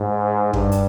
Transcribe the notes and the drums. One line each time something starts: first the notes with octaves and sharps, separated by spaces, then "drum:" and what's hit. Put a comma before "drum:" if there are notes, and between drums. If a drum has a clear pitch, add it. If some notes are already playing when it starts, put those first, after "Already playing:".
Already playing: G#2
G2, drum: kick
drum: hi-hat